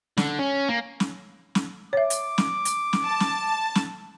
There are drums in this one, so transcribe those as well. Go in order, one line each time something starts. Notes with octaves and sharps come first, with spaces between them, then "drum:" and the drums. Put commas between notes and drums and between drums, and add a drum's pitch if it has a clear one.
D3, drum: snare
C#4
A#3
drum: snare
drum: snare
C#5 E5 D6
drum: hi-hat
drum: snare
drum: hi-hat
drum: snare
A5
drum: snare
drum: snare